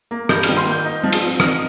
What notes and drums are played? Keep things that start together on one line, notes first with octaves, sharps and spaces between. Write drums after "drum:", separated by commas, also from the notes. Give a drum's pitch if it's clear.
A#3
G2 G6, drum: rim click
F6, drum: cymbal
D#3
C6
A#3 G6
D#4
F3
drum: cymbal
C4
D#4 F6, drum: rim click